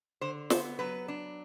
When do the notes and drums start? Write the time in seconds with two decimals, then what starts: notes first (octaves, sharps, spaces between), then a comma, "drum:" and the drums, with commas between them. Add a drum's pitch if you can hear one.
0.21 D3 C5
0.50 B3 C5, drum: snare
0.79 F#3 B4
1.08 D4